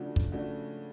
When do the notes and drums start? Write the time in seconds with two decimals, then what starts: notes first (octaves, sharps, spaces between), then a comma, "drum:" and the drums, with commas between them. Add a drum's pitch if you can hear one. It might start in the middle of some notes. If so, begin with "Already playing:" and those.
Already playing: C#3 F3 A3 D4 F#4
0.16 drum: kick
0.32 C#3 F3 A3 D4 F#4